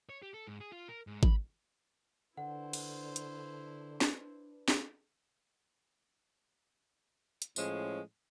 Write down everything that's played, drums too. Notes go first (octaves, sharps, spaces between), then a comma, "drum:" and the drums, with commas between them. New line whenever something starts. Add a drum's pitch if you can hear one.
C#5
G4
A4
G#2
G#4
F4
A#4
G#2
B5, drum: kick G#1
D3 D4 E4 B4 C5 F#5
drum: cymbal
drum: hi-hat
drum: snare
drum: snare
drum: hi-hat
A2 F3 G#3 C#4, drum: tambourine